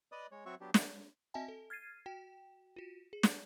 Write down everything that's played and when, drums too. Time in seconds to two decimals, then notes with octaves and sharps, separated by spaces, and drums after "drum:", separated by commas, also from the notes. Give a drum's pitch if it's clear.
0.12 B4 D5 D#5 D#6
0.32 G#3 C#5
0.46 F#3 C4 F#4 C#5 E5 C#6
0.61 F#3 B3 D4 G4
0.74 D#3 A3 B3, drum: snare
1.34 C4 F#4 D#5 E5 G#5 A5
1.48 A4
1.70 F6 G#6 A6 C7 D#7
2.06 F#4 G5
2.76 F4 F#4
3.13 G#4
3.23 drum: snare